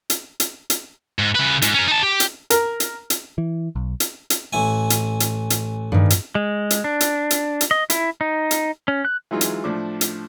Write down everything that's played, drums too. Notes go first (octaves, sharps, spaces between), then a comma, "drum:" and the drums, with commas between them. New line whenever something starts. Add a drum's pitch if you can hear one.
drum: hi-hat
drum: hi-hat
drum: hi-hat
G#2
C#3 B4
G#2, drum: hi-hat
C#4 A#4
D#4 A5
G4
drum: hi-hat
A#4, drum: hi-hat
drum: hi-hat
drum: hi-hat
E3
B1
drum: hi-hat
drum: hi-hat
A1 E4 G#5
drum: hi-hat
drum: hi-hat
drum: hi-hat
G2 D#3
drum: hi-hat
G#3
drum: hi-hat
D4
drum: hi-hat
drum: hi-hat
drum: hi-hat
D#5
E4, drum: hi-hat
D#4
drum: hi-hat
C#4
F#6
E3 F#3 G#3 D#4 F4
drum: hi-hat
A2 F3 D4 D6
drum: hi-hat